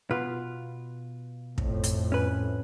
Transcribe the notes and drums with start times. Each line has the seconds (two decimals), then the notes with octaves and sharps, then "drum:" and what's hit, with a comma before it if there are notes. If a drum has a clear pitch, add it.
0.10 B2 F4 B4
1.58 F2 A2, drum: kick
1.84 drum: hi-hat
2.12 C#4 B4